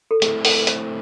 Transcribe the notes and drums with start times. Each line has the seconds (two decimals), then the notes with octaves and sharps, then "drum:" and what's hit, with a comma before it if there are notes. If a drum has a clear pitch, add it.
0.11 A4
0.22 A3 C4 E4 G#4, drum: hi-hat
0.45 A4, drum: open hi-hat
0.62 B4
0.67 C5, drum: hi-hat